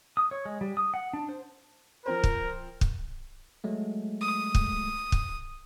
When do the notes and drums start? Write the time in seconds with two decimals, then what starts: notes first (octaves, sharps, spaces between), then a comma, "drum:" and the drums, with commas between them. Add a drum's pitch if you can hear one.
0.17 D#6
0.31 C#5
0.45 G#3
0.61 G3
0.77 D#6
0.94 F#5
1.13 D4
1.29 C5
2.06 F3 C4 A#4 C5
2.24 drum: kick
2.81 drum: kick
3.64 F#3 G#3 A3
4.21 D#6
4.55 drum: kick
5.12 drum: kick